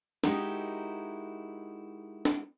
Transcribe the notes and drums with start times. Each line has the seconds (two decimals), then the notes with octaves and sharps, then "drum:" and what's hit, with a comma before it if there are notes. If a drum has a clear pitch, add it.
0.24 G#3 D#4 E4 F#4 G4 A#4, drum: snare
2.25 drum: snare